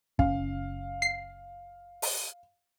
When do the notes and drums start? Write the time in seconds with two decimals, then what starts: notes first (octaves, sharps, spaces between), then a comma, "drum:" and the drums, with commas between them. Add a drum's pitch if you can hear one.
0.19 F#1 C#4 F5, drum: kick
1.02 C7
2.02 drum: open hi-hat